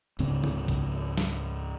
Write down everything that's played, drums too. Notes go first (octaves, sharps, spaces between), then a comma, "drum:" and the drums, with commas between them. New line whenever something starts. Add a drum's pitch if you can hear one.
C#2 G#2 C#3 C4, drum: hi-hat
drum: tom C#3
drum: kick A#1, hi-hat
drum: snare